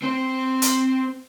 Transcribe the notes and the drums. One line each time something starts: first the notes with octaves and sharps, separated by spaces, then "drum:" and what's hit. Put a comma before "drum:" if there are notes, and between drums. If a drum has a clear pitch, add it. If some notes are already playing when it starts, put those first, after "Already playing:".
C4 C5
drum: hi-hat